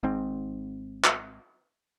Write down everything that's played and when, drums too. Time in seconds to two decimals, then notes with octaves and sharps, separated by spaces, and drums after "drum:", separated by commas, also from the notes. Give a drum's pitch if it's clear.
0.03 G#1 G#2 C4
1.04 drum: clap